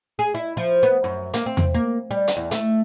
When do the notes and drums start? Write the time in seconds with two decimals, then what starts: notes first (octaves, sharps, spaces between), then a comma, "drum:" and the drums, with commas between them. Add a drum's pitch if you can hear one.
0.19 G#4
0.35 E4
0.57 F3
0.83 B3
1.04 F#2
1.34 A#3, drum: hi-hat
1.46 C4
1.57 drum: tom E2
1.74 A#3
2.11 G3
2.28 drum: hi-hat
2.37 E2
2.51 A3, drum: hi-hat